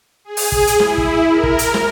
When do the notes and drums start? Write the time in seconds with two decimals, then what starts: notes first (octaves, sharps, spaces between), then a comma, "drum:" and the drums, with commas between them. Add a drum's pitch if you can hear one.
0.25 G#4
0.37 drum: open hi-hat
0.52 drum: kick
0.67 drum: hi-hat
0.80 E4, drum: snare
0.98 drum: kick
1.28 A#4
1.43 drum: kick
1.59 drum: hi-hat
1.74 drum: snare